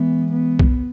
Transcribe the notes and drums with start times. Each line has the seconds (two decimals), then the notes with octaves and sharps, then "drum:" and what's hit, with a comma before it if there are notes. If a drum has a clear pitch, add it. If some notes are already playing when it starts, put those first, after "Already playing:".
Already playing: E3 G#3 B3
0.33 B3
0.59 drum: kick B1